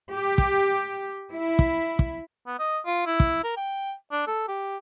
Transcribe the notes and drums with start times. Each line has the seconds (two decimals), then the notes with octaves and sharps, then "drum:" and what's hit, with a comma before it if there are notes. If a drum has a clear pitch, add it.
0.13 G4
0.38 drum: kick
1.33 E4
1.59 drum: kick
1.99 drum: kick
2.47 B3
2.59 D#5
2.86 F4
3.06 E4
3.20 drum: kick
3.44 A#4
3.57 G5
4.12 D4
4.27 A4
4.48 G4